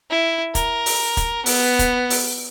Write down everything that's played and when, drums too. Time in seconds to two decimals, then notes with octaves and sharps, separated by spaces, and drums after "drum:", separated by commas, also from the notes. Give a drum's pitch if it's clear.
0.11 E4
0.55 A#4, drum: kick, hi-hat
0.86 drum: open hi-hat
1.17 drum: kick, hi-hat
1.46 B3, drum: open hi-hat
1.79 drum: kick, hi-hat
2.10 drum: open hi-hat